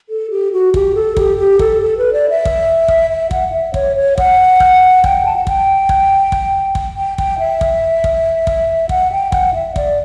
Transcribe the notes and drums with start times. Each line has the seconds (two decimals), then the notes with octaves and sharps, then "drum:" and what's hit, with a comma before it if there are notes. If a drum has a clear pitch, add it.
0.09 A4
0.30 G4
0.52 F#4
0.74 G4, drum: kick
0.95 A4
1.17 G4, drum: kick
1.38 G4
1.59 A4, drum: kick
1.81 A4
1.98 B4
2.13 D5
2.29 E5
2.45 drum: kick
2.88 drum: kick
3.10 E5
3.31 F#5, drum: kick
3.52 E5
3.74 C#5, drum: kick
3.96 C#5
4.18 F#5, drum: kick
4.60 drum: kick
5.04 G5, drum: kick
5.25 A5
5.36 F#5
5.47 G5, drum: kick
5.89 drum: kick
6.32 drum: kick
6.75 drum: kick
6.96 G5
7.18 G5, drum: kick
7.39 E5
7.61 drum: kick
8.04 drum: kick
8.47 drum: kick
8.89 F#5, drum: kick
9.12 G5
9.32 F#5, drum: kick
9.54 E5
9.76 D5, drum: kick